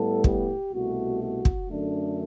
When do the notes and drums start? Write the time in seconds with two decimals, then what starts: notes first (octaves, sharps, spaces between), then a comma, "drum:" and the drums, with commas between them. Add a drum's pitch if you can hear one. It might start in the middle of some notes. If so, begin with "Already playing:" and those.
Already playing: A2 G3 B3 A4
0.24 G4, drum: kick
0.73 C2 B2 A3 F#4
1.22 F#4
1.45 drum: kick
1.69 F#2 D3 A3 D4